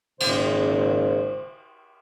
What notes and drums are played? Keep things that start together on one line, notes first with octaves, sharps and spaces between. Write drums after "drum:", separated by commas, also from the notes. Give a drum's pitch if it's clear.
G#1 A#2 C#3 C5, drum: cymbal